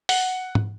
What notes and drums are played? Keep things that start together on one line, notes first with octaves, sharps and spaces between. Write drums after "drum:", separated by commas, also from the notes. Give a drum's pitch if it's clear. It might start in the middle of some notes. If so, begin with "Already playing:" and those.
F#5, drum: open hi-hat
drum: tom G#2